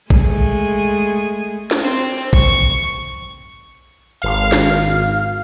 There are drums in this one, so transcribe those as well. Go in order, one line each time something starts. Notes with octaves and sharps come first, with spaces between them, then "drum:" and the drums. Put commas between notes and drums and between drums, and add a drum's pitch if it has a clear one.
G#3 A3 G#4, drum: kick
drum: snare
C4
C#6, drum: kick
G#1 F5, drum: hi-hat
drum: snare